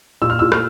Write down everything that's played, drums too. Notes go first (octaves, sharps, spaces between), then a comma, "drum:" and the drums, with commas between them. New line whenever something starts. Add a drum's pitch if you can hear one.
A#2 E6
F6
A#2 E6
F6, drum: rim click